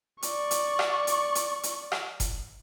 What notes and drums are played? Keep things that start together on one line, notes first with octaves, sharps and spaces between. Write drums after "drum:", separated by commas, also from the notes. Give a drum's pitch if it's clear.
D5 C#6, drum: hi-hat
drum: hi-hat
drum: rim click
drum: hi-hat
drum: hi-hat
drum: hi-hat
drum: rim click
drum: kick F1, hi-hat